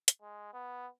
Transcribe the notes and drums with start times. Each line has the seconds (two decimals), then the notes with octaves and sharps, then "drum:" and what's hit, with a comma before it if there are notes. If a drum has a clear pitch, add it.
0.08 drum: hi-hat
0.22 G#3
0.53 B3